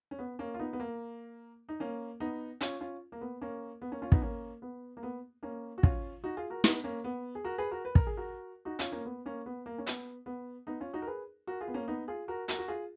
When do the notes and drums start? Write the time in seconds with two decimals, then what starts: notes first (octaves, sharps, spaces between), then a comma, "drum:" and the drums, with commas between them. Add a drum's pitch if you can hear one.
0.11 C#4
0.19 B3
0.39 A#3 C#4
0.54 F4
0.59 B3 D#4
0.73 B3
0.80 A#3
1.69 D#4
1.80 A#3 C#4
2.20 B3 D#4
2.61 C#4 F4, drum: hi-hat
2.81 C#4 F4
3.12 A#3
3.21 B3
3.41 A#3 C#4
3.82 B3
3.92 A#3 C#4
4.02 C#4 F4
4.12 B3 D#4, drum: kick
4.22 A#3 C#4
4.62 B3
4.97 A#3
5.03 B3
5.43 A#3 C#4
5.78 F#4
5.83 C#4 F4, drum: kick
6.24 D#4 F#4
6.37 F4 G#4
6.50 F#4 A#4
6.64 B3 D#4, drum: snare
6.84 A#3 C#4
7.04 B3
7.35 G#4
7.44 F#4 A#4
7.58 G#4 B4
7.71 F#4 A#4
7.85 B4
7.95 A#4, drum: kick
8.07 G#4
8.17 F#4 A#4
8.65 D#4 F#4
8.79 C#4 F4, drum: hi-hat
8.92 A#3 C#4
9.05 B3
9.26 A#3 C#4
9.46 B3
9.66 A#3
9.78 C#4
9.87 B3, drum: hi-hat
10.26 B3
10.67 B3 D#4
10.80 C#4 F4
10.93 D#4 F#4
11.02 A#4
11.07 G#4 B4
11.47 F#4 A#4
11.61 F4 G#4
11.68 B3
11.74 A#3 C#4
11.88 B3 D#4
12.08 F4 G#4
12.28 F#4 A#4
12.48 F#4 A#4, drum: hi-hat
12.59 F#4
12.68 F4 G#4